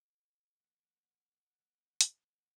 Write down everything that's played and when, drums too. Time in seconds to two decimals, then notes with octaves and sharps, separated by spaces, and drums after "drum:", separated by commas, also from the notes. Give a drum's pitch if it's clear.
0.60 F2 A#3 F#5
1.60 G#3 B3
2.01 drum: hi-hat